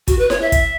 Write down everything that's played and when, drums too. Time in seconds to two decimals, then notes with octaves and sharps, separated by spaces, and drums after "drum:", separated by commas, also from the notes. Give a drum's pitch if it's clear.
0.08 F#4, drum: kick, hi-hat
0.19 B4
0.30 C#5, drum: snare E4
0.42 E5
0.52 drum: kick, hi-hat